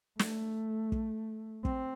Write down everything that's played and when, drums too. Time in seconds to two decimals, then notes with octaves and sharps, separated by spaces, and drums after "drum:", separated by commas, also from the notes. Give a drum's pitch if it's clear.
0.19 A3, drum: snare
0.92 drum: kick
1.65 C4, drum: kick